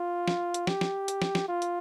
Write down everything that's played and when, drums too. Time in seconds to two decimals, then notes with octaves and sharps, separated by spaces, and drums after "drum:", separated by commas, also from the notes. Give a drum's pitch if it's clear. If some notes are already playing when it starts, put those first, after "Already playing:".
Already playing: F4
0.28 drum: snare
0.54 drum: hi-hat
0.67 G4, drum: snare
0.81 drum: snare
1.08 drum: hi-hat
1.22 drum: snare
1.35 drum: snare
1.48 F4
1.62 drum: hi-hat